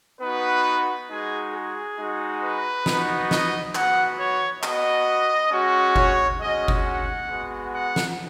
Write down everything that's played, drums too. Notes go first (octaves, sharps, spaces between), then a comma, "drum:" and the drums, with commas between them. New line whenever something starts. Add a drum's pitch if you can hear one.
B3 D#4 F#4 B4
G#3 D#4 F#4 G#4
G#4
G#3 D#4 F#4
B4
B3 D#4 F#4, drum: snare
D#5, drum: snare
B3 F#4 F#5, drum: clap
C#5
B3 F#4 D#5, drum: clap
G#3 C#4 F#4
C#5, drum: kick F#1
G#3 C#4 F#4 D#5
drum: kick F#1
F#5
G#3 B3 F#4
F#5
drum: snare